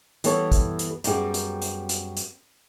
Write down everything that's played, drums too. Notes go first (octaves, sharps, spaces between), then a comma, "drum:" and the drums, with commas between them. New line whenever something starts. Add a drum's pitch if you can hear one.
E3 G3 B3 A4 C#5, drum: hi-hat
drum: kick, hi-hat
drum: hi-hat
F#2 G3 B3 G4 G#4, drum: hi-hat
drum: hi-hat
drum: hi-hat
drum: hi-hat
drum: hi-hat